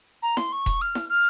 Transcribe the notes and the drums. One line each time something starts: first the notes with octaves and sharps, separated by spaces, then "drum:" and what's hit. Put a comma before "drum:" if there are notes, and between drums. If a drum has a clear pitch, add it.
A#5
C6, drum: snare E4
C#6
drum: kick E1, hi-hat
F6
drum: snare E4
F6